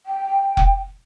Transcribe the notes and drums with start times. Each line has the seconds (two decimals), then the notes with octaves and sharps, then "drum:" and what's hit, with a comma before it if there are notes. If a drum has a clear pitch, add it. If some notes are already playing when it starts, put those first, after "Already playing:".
0.06 G5
0.57 drum: kick F1